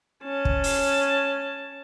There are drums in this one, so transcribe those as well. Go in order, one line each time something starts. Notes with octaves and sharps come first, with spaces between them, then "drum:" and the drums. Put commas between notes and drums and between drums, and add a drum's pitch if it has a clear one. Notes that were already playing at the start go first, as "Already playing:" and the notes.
C#4 A5
drum: kick
drum: open hi-hat